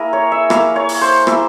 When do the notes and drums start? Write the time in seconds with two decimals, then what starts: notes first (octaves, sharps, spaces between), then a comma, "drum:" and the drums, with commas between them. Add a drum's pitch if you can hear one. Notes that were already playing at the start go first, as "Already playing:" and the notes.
Already playing: A#3 E4 G#4 A#4
0.13 C#5
0.32 E5
0.50 A#3 E4 F5, drum: rim click
0.76 C#5
0.89 drum: open hi-hat
1.01 C5
1.27 A#3 E4, drum: rim click